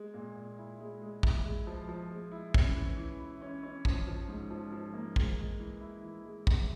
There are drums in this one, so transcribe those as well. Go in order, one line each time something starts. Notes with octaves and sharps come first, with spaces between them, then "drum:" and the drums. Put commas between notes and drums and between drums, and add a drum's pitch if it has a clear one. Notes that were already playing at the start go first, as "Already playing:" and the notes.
Already playing: G#3
A#2
A#2
E4
G#3
G#3
E4, drum: kick
G#3
F3
F3
G#3
E4
C#4, drum: kick
E3
E3
E4
C#4
C#4
F3, drum: kick
F3
G#2
F3
F3
A#3
G#3, drum: kick
G#3
E3
E4
E3
G#3
E4, drum: kick